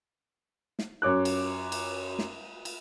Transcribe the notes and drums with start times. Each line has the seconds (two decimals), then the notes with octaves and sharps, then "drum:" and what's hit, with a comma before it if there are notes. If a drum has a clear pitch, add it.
0.79 drum: snare
1.02 F#2 C#5 D6 F#6
1.25 drum: cymbal
1.72 drum: cymbal
2.19 drum: snare
2.65 drum: cymbal